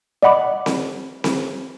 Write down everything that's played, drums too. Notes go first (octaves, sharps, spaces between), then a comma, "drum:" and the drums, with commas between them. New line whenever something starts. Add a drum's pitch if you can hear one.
D5 D#5 F#5 B5 D6
drum: snare C4
drum: snare C4